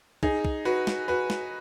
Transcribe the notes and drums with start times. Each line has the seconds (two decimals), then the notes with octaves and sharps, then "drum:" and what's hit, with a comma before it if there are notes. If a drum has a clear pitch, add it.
0.23 D#4 G#4, drum: kick
0.45 drum: kick
0.65 F#4 B4
0.87 drum: snare
1.08 F#4 B4
1.30 drum: snare